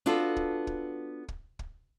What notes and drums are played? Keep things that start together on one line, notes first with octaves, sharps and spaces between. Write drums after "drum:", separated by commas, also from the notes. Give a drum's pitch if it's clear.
B3 D4 F4 F#4 A4
drum: kick
drum: kick
drum: kick
drum: kick